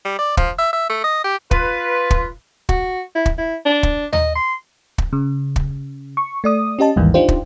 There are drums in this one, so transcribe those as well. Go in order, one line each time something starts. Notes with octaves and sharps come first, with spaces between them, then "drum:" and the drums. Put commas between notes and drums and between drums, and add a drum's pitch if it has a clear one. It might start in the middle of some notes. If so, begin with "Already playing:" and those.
G3
D5
F3, drum: kick
E5
E5
A3
D#5
G4
F4 B4, drum: kick
drum: kick
F#4, drum: kick
E4
drum: kick
E4
D4
drum: kick
D#5, drum: tom D#2
C6
drum: kick
C#3
drum: kick
C#6
A3 D5 D#6
C#4 G4 D#5 A5
A1 D#2 G#2 D#3 E3 G3
D4 D#4 F4 G4 C5
drum: kick